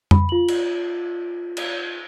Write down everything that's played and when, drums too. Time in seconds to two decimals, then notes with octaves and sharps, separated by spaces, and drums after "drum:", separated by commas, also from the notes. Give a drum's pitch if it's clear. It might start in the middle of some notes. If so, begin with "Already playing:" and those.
0.11 B5, drum: tom F2
0.29 F4 F#7
0.48 drum: cymbal
1.57 drum: cymbal